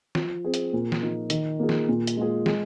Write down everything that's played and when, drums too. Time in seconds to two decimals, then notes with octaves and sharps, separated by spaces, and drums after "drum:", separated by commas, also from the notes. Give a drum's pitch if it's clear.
0.15 F3, drum: snare
0.44 C4 G#4
0.54 drum: hi-hat
0.73 A#2
0.92 drum: snare
1.02 F3 A#3 D#4
1.30 D#3, drum: hi-hat
1.59 A#3 F4 G#4
1.69 drum: snare
1.89 A#2
2.07 drum: hi-hat
2.17 G#3 F4 G#4
2.46 G#3, drum: snare